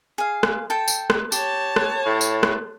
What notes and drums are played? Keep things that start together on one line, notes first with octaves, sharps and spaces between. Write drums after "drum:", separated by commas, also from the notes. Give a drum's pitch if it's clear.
G#4 F5
drum: rim click
A4 G5 A5
drum: tambourine
drum: rim click
G4 C#5 A5, drum: tambourine
drum: rim click
A2
drum: tambourine
drum: rim click